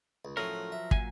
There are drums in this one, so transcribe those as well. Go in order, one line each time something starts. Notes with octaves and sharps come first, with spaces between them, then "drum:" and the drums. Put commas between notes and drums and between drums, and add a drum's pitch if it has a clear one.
C#2
A2 F3 F#3 C#4 A#4
E5
A#2 F#3 G#5, drum: kick